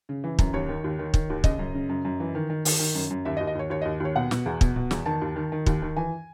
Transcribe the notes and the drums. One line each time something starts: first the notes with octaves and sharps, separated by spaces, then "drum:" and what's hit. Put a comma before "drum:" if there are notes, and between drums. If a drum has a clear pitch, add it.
C#3
E3
F#2, drum: kick
D#2 C#5
D#3
D#2
D#3
D#3, drum: kick
D#2
C#3 D#5, drum: kick
F#2
C#3
F#2
F#2
E3
D#3
D#3
D#3, drum: open hi-hat
D#3
F#2
F#2
D#2 E5
D#5
D#2
D#5
D#2 C#5
D#2 C#5
D#2 D#5
D#2 C#5
B2 F#5
B2, drum: snare
E2
B2, drum: kick
B2
E2, drum: snare
D#3 A5
D#2
D#3
D#3
D#2, drum: kick
D#3
E3 G#5